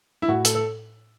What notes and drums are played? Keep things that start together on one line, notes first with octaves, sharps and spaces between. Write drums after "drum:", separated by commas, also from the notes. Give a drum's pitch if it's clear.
E4
A2 F#4
A4, drum: hi-hat
A4